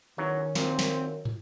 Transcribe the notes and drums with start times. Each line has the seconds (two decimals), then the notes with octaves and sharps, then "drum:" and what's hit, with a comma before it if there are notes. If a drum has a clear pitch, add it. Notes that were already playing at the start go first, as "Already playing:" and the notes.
0.18 E2 D#3 F#3 C#4
0.55 F#2 A#2 C4, drum: snare
0.79 drum: snare
1.25 drum: tom